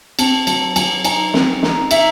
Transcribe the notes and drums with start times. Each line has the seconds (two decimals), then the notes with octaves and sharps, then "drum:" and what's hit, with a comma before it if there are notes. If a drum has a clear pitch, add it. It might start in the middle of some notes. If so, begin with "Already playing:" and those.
0.19 C4 A5, drum: cymbal
0.47 F#3 A5, drum: cymbal
0.76 F#3 G#5, drum: cymbal
1.05 D#4 G#5, drum: cymbal
1.34 C4, drum: snare
1.62 D#4, drum: snare
1.91 D#4 E5, drum: cymbal